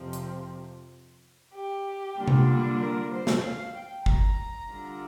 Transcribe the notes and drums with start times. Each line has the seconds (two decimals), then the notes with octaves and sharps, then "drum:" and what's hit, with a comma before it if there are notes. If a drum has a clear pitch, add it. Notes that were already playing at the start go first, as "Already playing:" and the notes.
Already playing: F2 C3 F3 C4
0.13 drum: hi-hat
1.53 G4
2.17 D3 G3 A#3 D4 F4
2.28 drum: tom C3
2.80 A#4
3.12 C5
3.27 drum: snare
3.44 F5
3.75 G5
4.06 A#5, drum: kick G1
4.70 D3 G3 D4 F4